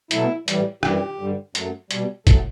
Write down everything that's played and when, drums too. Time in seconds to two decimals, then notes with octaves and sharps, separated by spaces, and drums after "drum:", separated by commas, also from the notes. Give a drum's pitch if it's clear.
0.11 B2 F#3 A3 E4, drum: hi-hat
0.48 A2 E3 G3, drum: hi-hat
0.83 F#2 E3 G3 G4, drum: rim click
1.19 G2 D3 G3
1.55 F#2 F#3 A3, drum: hi-hat
1.91 B2 G3, drum: hi-hat
2.27 A2 F#3 A3 A4, drum: kick, hi-hat